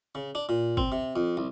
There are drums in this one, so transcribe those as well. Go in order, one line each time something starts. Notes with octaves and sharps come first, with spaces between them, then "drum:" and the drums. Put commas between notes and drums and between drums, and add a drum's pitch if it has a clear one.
C#3
D4
A#2
C4, drum: kick
C3
F2
C2